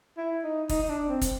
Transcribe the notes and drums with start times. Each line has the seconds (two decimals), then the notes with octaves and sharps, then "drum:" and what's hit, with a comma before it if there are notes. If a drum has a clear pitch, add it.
0.17 E4
0.43 D#4
0.69 D#4, drum: kick, open hi-hat
0.82 D#4
0.89 D4
1.08 C4
1.21 drum: kick, hi-hat